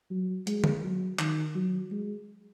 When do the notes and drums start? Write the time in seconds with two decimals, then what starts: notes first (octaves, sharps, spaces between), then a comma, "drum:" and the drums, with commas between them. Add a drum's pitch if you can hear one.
0.10 F#3
0.47 G#3, drum: hi-hat
0.64 drum: tom D3
0.83 F#3
1.19 D#3, drum: clap
1.55 F#3
1.92 G#3